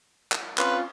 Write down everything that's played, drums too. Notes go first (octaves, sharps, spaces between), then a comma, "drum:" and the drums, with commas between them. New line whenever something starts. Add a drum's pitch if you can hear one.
drum: clap
C4 C#4 F4 B4, drum: clap